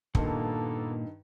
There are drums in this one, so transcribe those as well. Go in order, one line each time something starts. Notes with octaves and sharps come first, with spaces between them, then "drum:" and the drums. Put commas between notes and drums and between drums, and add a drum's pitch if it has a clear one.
G2 A#2 D#3 A#3 B3 A4, drum: kick